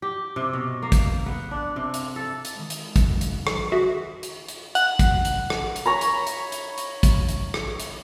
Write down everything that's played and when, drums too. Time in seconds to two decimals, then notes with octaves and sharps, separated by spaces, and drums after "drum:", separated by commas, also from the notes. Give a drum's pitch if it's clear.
0.02 G4
0.36 C3
0.53 B2
0.82 A#3
0.92 drum: kick, hi-hat
1.26 B3
1.51 D4
1.76 C3
1.94 drum: hi-hat
2.16 A4
2.45 drum: hi-hat
2.55 D#3 G#3
2.70 drum: hi-hat
2.96 drum: kick, hi-hat
3.07 F#3
3.21 drum: hi-hat
3.47 drum: rim click
3.72 F#4 G#4 E5
4.23 drum: hi-hat
4.48 drum: hi-hat
4.75 F#5, drum: hi-hat
4.99 drum: kick, hi-hat
5.25 drum: hi-hat
5.50 drum: rim click
5.76 drum: hi-hat
5.86 C#5 A#5 B5
6.01 drum: hi-hat
6.27 drum: hi-hat
6.52 drum: hi-hat
6.78 drum: hi-hat
7.03 drum: kick, hi-hat
7.29 drum: hi-hat
7.54 drum: rim click
7.80 drum: hi-hat